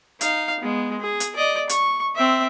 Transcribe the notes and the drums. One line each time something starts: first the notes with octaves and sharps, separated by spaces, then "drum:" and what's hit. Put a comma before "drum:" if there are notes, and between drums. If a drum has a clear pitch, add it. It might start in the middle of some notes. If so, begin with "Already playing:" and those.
D#4 F5, drum: hi-hat
G#3 B3
G#4
drum: hi-hat
D5 D#5
C#6, drum: hi-hat
C4 E5